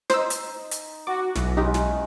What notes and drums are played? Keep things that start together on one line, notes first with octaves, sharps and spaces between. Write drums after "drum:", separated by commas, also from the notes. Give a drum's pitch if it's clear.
D#4 C5 E6, drum: snare
drum: hi-hat
drum: hi-hat
F#4 D5 D6
B1 E3 B3 F#4, drum: snare
D#3 G#3 C#4 D#4 G4
drum: snare